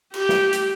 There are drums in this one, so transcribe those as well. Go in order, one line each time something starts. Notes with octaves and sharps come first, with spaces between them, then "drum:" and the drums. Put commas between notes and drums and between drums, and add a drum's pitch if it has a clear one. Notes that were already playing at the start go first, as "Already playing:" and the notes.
G4, drum: cymbal
drum: snare
drum: hi-hat